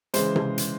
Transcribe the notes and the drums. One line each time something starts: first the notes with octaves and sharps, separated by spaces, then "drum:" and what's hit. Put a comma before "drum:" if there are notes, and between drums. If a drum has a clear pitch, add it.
C#3 E3 G#3 C5, drum: hi-hat
drum: tom C3
drum: hi-hat